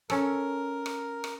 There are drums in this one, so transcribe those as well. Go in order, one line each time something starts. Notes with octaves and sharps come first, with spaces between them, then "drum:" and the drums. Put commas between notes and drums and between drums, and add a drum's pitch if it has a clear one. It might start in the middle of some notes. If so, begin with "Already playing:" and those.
C#4 A4 A#4, drum: rim click
drum: rim click
drum: rim click